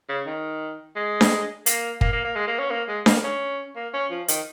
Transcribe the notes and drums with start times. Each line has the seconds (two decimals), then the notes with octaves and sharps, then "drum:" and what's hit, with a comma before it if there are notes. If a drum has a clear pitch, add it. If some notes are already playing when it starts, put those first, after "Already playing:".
0.09 C#3
0.26 D#3
0.96 G#3
1.21 drum: snare D4
1.66 A#3, drum: hi-hat
2.01 A#3, drum: kick
2.13 A#3
2.24 A#3
2.36 G#3
2.47 A#3
2.59 C#4
2.70 A#3
2.88 G#3
3.06 A#3, drum: snare D4
3.23 C#4
3.76 A#3
3.94 C#4
4.11 F3
4.28 D#3, drum: hi-hat